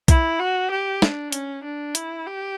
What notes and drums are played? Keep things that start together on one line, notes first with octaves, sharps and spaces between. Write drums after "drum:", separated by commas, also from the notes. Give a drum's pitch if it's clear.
E4, drum: kick B1, hi-hat
F#4
G4
D4, drum: snare
C#4, drum: hi-hat
D4
E4, drum: hi-hat
G4